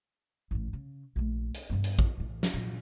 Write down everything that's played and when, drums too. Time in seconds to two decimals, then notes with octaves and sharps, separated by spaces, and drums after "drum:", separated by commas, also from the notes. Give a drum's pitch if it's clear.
0.51 A1 A2
0.73 C#3
1.16 A#1 A3
1.54 drum: hi-hat
1.70 G2 B3
1.84 drum: hi-hat
1.99 drum: kick
2.17 A2 E3
2.43 drum: snare
2.53 A#2 E3